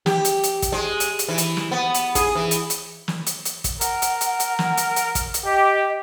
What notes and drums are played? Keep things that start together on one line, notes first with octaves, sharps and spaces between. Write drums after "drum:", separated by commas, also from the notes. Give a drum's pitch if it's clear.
G4, drum: snare
drum: hi-hat
drum: hi-hat
drum: kick, hi-hat
G#3
drum: hi-hat
drum: hi-hat
E3
drum: hi-hat
drum: snare
B3
drum: hi-hat
G#4, drum: kick, hi-hat
E3
drum: hi-hat
drum: hi-hat
drum: snare
drum: hi-hat
drum: hi-hat
drum: kick, hi-hat
A#4 F#5, drum: hi-hat
drum: hi-hat
drum: hi-hat
drum: hi-hat
drum: snare
drum: hi-hat
drum: hi-hat
drum: kick, hi-hat
drum: hi-hat
G4 D#5